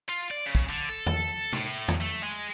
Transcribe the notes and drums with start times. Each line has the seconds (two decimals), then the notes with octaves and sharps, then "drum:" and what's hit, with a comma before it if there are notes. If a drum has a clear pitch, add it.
0.09 F4
0.31 D5
0.46 C#3
0.55 drum: kick
0.69 D3
0.89 A4
1.06 drum: tom E2
1.53 A2, drum: tom C3
1.88 drum: tom E2
2.01 A3
2.23 G#3